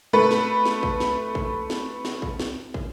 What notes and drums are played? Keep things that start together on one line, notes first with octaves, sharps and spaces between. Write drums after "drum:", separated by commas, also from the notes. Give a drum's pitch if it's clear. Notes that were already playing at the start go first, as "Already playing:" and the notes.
A3 B4
drum: snare
drum: snare
drum: kick
drum: snare
drum: kick
drum: snare
drum: snare
drum: kick
drum: snare
drum: kick